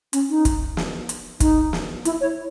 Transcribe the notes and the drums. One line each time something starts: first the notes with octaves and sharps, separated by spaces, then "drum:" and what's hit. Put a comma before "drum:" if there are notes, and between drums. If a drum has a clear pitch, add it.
C#4, drum: hi-hat
D#4
drum: kick, hi-hat
drum: snare
drum: hi-hat
D#4, drum: kick, hi-hat
drum: snare
E4, drum: hi-hat
C#5